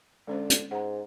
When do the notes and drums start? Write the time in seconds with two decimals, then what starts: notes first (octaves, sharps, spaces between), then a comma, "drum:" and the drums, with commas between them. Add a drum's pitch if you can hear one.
0.27 D3 G#3 C#4 C5
0.50 drum: hi-hat
0.71 G#2 F#5 A#5